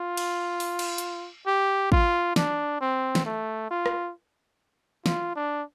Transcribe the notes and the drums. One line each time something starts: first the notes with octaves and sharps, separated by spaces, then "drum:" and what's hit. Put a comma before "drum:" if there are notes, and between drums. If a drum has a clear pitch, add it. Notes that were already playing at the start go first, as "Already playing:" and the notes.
Already playing: F4
drum: cymbal
drum: open hi-hat
drum: cymbal
drum: hi-hat
G4
F4, drum: kick G#1
D4, drum: snare
C4
drum: snare
A3
F4
drum: rim click
F4, drum: snare
D4